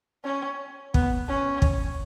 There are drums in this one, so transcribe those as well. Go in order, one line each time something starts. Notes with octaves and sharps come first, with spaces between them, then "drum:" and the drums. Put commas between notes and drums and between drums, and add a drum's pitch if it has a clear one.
C#4
B3, drum: kick
C#4
drum: kick